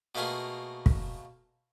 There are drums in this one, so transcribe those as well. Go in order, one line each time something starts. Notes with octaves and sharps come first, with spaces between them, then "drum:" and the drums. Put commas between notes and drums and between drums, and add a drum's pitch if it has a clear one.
B2 A3 A#3 F4 G#4 A#4
drum: kick